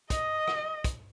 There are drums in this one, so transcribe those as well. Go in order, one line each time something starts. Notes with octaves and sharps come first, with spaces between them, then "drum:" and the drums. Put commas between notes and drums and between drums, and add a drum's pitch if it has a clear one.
D#5, drum: kick, hi-hat
drum: rim click
drum: kick, hi-hat